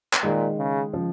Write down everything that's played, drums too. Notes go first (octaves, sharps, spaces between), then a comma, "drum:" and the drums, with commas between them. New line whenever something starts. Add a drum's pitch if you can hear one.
drum: clap
A#2 D#3 G#3
C#3
C#3 F3